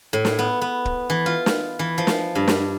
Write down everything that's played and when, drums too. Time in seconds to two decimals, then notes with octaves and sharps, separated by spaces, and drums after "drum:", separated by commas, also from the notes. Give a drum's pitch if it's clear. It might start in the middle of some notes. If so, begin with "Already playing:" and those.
0.13 A2
0.25 drum: snare
0.39 B3
0.61 B3
0.85 drum: kick
1.10 E3
1.26 F4
1.46 drum: snare
1.79 E3
1.98 F3
2.07 drum: snare
2.35 G2
2.48 drum: snare